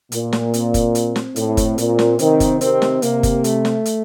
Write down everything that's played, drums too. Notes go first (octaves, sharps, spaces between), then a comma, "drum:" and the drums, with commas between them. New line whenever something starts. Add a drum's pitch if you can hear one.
A#2 A#3, drum: hi-hat
drum: snare
C4, drum: hi-hat
drum: kick F#1, hi-hat
drum: hi-hat
drum: snare
A2, drum: hi-hat
drum: kick F#1, hi-hat
A#2, drum: hi-hat
drum: snare
C3 D#3 C4, drum: hi-hat
drum: kick F#1, hi-hat
C3 D#3 C4, drum: hi-hat
drum: snare
C3 A#3, drum: hi-hat
drum: kick F#1, hi-hat
A3, drum: hi-hat
drum: snare
drum: hi-hat